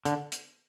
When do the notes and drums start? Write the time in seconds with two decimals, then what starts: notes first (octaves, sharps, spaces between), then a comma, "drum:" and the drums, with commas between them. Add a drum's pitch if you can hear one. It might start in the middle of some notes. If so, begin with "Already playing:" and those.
0.05 D3, drum: hi-hat
0.32 drum: hi-hat